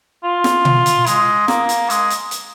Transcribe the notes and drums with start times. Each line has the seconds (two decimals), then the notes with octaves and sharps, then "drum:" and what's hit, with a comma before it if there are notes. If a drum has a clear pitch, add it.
0.24 F4
0.44 drum: snare
0.65 drum: tom B2
0.86 drum: hi-hat
1.06 G#3, drum: hi-hat
1.48 A#3, drum: snare
1.69 drum: hi-hat
1.90 G#3, drum: hi-hat
2.10 drum: hi-hat
2.31 drum: hi-hat